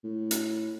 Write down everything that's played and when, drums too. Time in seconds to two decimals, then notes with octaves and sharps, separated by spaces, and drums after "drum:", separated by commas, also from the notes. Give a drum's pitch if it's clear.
0.04 A2
0.31 drum: hi-hat